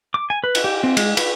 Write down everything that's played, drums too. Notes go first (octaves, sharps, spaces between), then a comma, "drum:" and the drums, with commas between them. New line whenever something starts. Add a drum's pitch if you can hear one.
D6
G#5
B4
drum: cymbal
G4
C4
G#3, drum: cymbal
B4, drum: cymbal